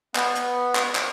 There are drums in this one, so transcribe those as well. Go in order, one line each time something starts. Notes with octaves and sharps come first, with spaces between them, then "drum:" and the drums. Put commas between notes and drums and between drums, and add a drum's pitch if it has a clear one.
B3, drum: clap
drum: hi-hat
drum: clap
drum: clap